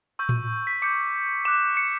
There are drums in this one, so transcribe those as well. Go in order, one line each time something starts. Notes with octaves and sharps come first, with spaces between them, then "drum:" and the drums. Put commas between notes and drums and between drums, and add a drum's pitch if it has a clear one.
C#6 E6 G6
drum: tom A2
B6
D6 G6 C#7
D6 F#6 E7
C#7